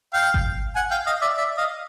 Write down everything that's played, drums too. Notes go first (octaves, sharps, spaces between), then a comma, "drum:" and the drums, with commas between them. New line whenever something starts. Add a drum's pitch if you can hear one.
F5 G5
drum: kick G#1
F#5 G#5
F5 G5
D#5 F5
D5 E5
D5 E5
D#5 F5